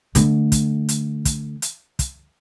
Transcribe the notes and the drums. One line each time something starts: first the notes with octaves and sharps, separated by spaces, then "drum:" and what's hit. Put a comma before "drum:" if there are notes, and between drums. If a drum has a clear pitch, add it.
D3 A3, drum: hi-hat
drum: kick, hi-hat
drum: hi-hat
drum: kick, hi-hat
drum: hi-hat
drum: kick, hi-hat